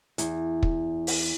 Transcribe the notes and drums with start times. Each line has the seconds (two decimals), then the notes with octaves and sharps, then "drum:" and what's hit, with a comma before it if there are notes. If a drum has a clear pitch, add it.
0.18 E2, drum: hi-hat
0.63 drum: kick
1.07 drum: open hi-hat